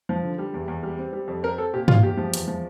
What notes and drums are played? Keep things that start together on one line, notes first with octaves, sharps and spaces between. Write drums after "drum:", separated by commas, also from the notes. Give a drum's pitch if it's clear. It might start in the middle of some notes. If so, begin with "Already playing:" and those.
F3
D3
G3
E2
E2
G3
C4
G3
F2
C4 A#4
C4 A4
A#2 G4
A#2 F4, drum: tom
E2 G4
F3
E2, drum: hi-hat
F3